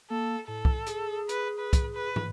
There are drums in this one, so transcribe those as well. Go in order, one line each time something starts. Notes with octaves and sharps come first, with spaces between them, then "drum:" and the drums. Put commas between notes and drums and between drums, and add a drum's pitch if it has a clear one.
A#3 A4
A2 A4
drum: kick
G#4, drum: hi-hat
B4, drum: hi-hat
B4
drum: kick, hi-hat
B4
drum: tom